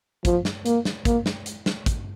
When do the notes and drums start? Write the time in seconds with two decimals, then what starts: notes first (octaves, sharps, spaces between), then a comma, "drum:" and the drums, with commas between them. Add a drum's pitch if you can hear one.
0.25 F3, drum: kick, hi-hat
0.45 drum: snare
0.66 A#3, drum: hi-hat
0.85 drum: snare
1.05 A#3, drum: kick, hi-hat
1.26 drum: snare
1.46 drum: hi-hat
1.66 drum: snare
1.86 drum: kick, hi-hat